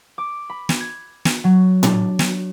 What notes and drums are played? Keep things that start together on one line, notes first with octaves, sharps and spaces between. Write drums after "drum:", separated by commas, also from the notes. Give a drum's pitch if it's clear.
D6
B5
drum: snare
G#6
drum: snare
F#3
D4, drum: tom A2
drum: snare